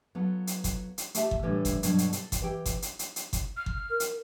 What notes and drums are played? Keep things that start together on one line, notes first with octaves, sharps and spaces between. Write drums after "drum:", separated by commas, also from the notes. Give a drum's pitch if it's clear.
F#3 B3 F4 A4
drum: hi-hat
drum: kick G1, hi-hat
drum: hi-hat
A3 F4 G4 E5 A5, drum: hi-hat
drum: kick G1
A2 D3 E3 G3
drum: kick G1, hi-hat
G2 B2 D3 F#3, drum: hi-hat
drum: hi-hat
A4, drum: hi-hat
drum: kick G1, hi-hat
E3 G4 G5
drum: kick G1, hi-hat
drum: hi-hat
drum: hi-hat
drum: hi-hat
drum: kick G1, hi-hat
F6
drum: kick G1
A#4
drum: hi-hat